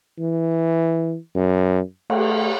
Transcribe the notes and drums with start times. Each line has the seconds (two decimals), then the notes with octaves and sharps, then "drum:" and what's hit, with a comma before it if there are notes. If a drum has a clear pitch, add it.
0.19 E3
1.35 F#2
2.10 A3, drum: cymbal